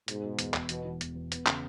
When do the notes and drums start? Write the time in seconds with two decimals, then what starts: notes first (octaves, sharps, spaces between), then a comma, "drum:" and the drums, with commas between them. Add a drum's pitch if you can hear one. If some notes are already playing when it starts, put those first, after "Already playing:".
0.08 G#2 B2, drum: hi-hat
0.23 B2
0.39 E2, drum: hi-hat
0.54 E1, drum: clap
0.69 B2 E3, drum: hi-hat
0.85 E3
1.01 E2, drum: hi-hat
1.16 E2
1.32 B3, drum: hi-hat
1.46 C#3, drum: clap